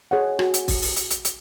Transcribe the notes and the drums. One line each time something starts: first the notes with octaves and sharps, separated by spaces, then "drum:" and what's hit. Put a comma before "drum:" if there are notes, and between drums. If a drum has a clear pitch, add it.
G#4 C#5 F#5
F#4, drum: rim click
drum: hi-hat
drum: kick, open hi-hat
drum: open hi-hat
drum: hi-hat
drum: hi-hat
drum: hi-hat